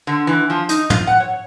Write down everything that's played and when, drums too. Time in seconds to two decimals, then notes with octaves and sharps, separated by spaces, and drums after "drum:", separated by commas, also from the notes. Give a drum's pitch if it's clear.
0.07 D3
0.27 E3
0.50 F3
0.69 D#4, drum: hi-hat
0.90 F4, drum: tom
1.07 F#5
1.20 C#5